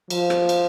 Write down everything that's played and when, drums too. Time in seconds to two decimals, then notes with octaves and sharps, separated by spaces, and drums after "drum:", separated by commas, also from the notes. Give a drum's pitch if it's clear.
0.10 F3, drum: cymbal
0.30 drum: rim click
0.49 drum: cymbal